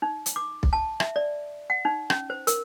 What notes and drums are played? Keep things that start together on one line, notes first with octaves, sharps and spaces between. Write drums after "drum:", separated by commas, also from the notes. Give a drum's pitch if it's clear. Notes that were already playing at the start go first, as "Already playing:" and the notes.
D#4
drum: hi-hat
D6
drum: kick B1
A5
E5, drum: rim click
D5
F#5
D#4
C#4, drum: rim click
C5
A#4, drum: hi-hat